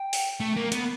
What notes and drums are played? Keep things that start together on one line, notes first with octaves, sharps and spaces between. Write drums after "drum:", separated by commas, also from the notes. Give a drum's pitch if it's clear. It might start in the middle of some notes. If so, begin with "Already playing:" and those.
Already playing: G5
drum: open hi-hat
A3
A#3
B3, drum: hi-hat